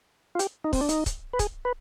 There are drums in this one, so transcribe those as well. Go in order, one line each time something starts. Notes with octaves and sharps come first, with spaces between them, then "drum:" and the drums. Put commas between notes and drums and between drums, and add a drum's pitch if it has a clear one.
F4
G4, drum: hi-hat
D#4
C4, drum: kick, open hi-hat
D4
D#4, drum: hi-hat
drum: kick, hi-hat
B4
G#4, drum: kick, hi-hat
B4